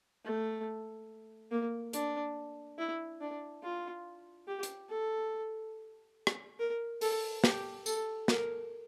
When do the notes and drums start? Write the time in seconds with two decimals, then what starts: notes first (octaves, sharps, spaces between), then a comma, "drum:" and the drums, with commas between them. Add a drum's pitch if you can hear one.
0.25 A3
1.51 A#3
1.93 D4, drum: hi-hat
2.78 E4
3.21 D4
3.63 F4
4.48 G4
4.63 drum: hi-hat
4.89 A4
6.27 drum: rim click
6.59 A#4
7.01 A4, drum: open hi-hat
7.44 G4, drum: snare
7.86 A4, drum: tambourine
8.28 A#4, drum: snare